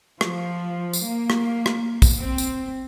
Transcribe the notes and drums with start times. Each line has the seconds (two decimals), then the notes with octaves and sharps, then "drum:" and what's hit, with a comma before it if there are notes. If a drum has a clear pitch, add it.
0.21 F3, drum: rim click
0.93 drum: tambourine
1.04 A#3
1.30 drum: rim click
1.66 drum: rim click
2.02 drum: kick, tambourine
2.21 C4
2.38 drum: tambourine